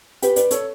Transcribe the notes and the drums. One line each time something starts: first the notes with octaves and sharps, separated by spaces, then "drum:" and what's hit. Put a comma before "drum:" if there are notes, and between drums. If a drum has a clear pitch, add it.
G4 B4, drum: hi-hat
B4 D5, drum: hi-hat
A4 C#5, drum: hi-hat